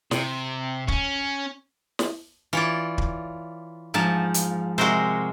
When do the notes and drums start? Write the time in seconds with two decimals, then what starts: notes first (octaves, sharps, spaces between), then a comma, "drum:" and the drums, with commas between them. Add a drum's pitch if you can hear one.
0.11 C3, drum: snare
0.88 C#4, drum: kick
1.99 drum: snare
2.53 E3 F4 C#5 D5
2.98 drum: kick
3.94 G#2 F3 A5
4.34 drum: hi-hat
4.78 C3 G#3 F#4 A#4 C5